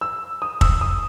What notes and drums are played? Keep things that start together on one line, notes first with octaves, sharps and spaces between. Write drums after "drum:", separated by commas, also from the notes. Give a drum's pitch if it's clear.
E6
D#6
E6, drum: kick
D#6